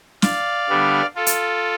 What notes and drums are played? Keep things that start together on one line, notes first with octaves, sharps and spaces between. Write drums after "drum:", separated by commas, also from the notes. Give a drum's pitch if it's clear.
D5 F5, drum: snare
D3 G3 B3 D4
F4 A4
drum: hi-hat